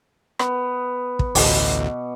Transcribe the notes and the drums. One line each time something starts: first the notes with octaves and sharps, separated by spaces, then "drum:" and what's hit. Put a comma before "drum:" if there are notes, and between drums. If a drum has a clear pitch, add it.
B3, drum: rim click
drum: kick
A1 D2 B2 D6, drum: open hi-hat